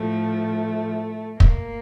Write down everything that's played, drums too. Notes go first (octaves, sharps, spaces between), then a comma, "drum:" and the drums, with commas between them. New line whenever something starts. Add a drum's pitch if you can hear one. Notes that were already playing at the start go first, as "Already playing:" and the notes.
Already playing: A2 F3 A3
A#3, drum: kick